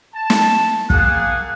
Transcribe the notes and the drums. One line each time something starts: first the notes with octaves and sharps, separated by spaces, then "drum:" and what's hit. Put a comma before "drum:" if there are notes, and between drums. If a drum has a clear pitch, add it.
A5
drum: snare
A#3 G#4 F5 F#5, drum: kick